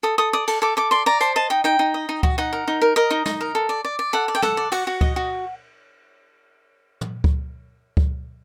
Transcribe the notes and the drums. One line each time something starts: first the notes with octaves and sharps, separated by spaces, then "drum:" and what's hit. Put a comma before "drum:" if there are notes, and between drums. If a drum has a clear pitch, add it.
A4 D#6
A4 D#6
D5 D#6
A4, drum: cymbal
A4 D6
A4 D6
D5 C6
D5 A#5
C5 A5, drum: hi-hat
D#5 A5
D#4 G5
D#4 G5
D#4
D#5
D#4
F#4, drum: kick C#2
D#4 F#5
A#4
D#4
A#4
A#4 D#5
D#4
D#4, drum: snare
A#4
A4
D5
D5
D5
A4 F#5
D5
G5
A4 F#5, drum: snare
D5
F#4 F#5, drum: cymbal
F#4
D#5, drum: kick C#2
F#4
drum: tom
drum: kick C#2
drum: kick C#2